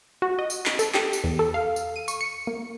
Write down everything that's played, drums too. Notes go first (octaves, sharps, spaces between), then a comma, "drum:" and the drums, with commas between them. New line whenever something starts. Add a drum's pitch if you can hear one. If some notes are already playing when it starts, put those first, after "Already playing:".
F#4
D#5
drum: tambourine
drum: clap
A4, drum: tambourine
G4, drum: clap
drum: tambourine
E2
A4
F5
drum: tambourine
D#7
C#6, drum: tambourine
C#7
A#3